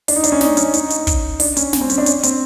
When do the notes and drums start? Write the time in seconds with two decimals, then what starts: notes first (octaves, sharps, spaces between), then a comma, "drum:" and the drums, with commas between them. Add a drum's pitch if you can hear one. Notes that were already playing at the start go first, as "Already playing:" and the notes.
0.08 D4, drum: open hi-hat
0.16 D#4
0.24 D4, drum: hi-hat
0.32 C#4
0.41 D#4, drum: snare
0.57 C#4, drum: hi-hat
0.74 D#4, drum: hi-hat
0.90 drum: hi-hat
1.07 drum: kick, hi-hat
1.40 D4, drum: open hi-hat
1.57 C#4, drum: hi-hat
1.73 C#4, drum: snare
1.81 C4
1.90 C#4, drum: hi-hat
1.98 D4
2.06 C#4, drum: hi-hat
2.23 C4, drum: hi-hat